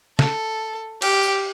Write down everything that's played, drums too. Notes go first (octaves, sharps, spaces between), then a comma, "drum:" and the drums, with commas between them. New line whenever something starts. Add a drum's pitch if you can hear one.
A4, drum: snare
G4, drum: cymbal
drum: tambourine